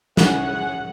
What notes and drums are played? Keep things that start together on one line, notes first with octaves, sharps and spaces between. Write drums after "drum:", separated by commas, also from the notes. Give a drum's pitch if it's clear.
C#4 E4 G#4 F#5, drum: snare